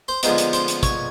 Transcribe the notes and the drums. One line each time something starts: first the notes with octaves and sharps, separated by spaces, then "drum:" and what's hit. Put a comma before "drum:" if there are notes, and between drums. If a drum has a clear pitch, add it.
C5 C6
D3 F3 G#3 B3 D#4 C5 C6, drum: hi-hat
drum: hi-hat
C5 C6, drum: hi-hat
drum: hi-hat
C#5 C#6, drum: kick, hi-hat